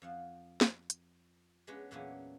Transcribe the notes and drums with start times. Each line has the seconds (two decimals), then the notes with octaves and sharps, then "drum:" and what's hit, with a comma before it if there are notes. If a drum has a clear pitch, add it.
0.02 F2 F3 F#5
0.61 drum: snare
0.90 drum: hi-hat
1.67 G#3 B3 C#4 D4 B4 C#5
1.91 E2 A#2 F#3 B3 C#4 D4